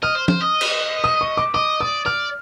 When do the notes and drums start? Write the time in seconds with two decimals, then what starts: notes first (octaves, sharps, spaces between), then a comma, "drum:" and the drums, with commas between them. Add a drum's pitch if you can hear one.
0.03 D#5 F6
0.15 C5
0.28 C5, drum: tom
0.41 D#5
0.61 drum: cymbal
1.04 D#6
1.21 C#6
1.37 D6
1.54 D#5 D6
1.80 D5 D#6
2.05 D5 F6